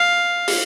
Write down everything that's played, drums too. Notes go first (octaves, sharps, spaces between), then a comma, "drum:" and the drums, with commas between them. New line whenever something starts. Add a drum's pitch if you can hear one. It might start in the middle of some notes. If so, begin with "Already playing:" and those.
Already playing: F5
drum: open hi-hat